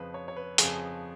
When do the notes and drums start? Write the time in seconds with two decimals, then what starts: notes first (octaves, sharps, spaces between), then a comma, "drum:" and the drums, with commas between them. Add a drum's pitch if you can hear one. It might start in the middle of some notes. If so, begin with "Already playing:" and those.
Already playing: F2 C#3 F3 B4
0.14 C#5
0.28 C#5
0.36 B4
0.58 F2 C#3 F3 G#4, drum: hi-hat